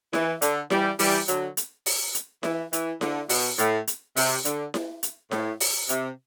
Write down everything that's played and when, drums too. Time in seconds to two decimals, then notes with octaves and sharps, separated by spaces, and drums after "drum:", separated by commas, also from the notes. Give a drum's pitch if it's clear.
0.13 E3, drum: snare E4
0.42 D3, drum: hi-hat
0.70 E3 G3, drum: snare E4
0.99 E3 G3, drum: open hi-hat
1.28 D3 F#3, drum: hi-hat
1.57 drum: hi-hat
1.86 drum: open hi-hat
2.15 drum: hi-hat
2.43 E3, drum: snare E4
2.73 E3, drum: hi-hat
3.01 D3, drum: snare E4
3.29 B2, drum: open hi-hat
3.59 A2, drum: hi-hat
3.87 drum: hi-hat
4.16 C3, drum: open hi-hat
4.45 D3, drum: hi-hat
4.74 drum: snare E4
5.03 drum: hi-hat
5.31 A2, drum: snare E4
5.60 drum: open hi-hat
5.89 C3, drum: hi-hat